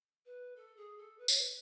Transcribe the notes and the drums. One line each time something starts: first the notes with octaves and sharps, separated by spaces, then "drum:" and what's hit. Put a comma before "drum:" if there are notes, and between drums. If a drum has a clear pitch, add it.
B4
A4
G#4
A4
B4
C#5, drum: tambourine
B4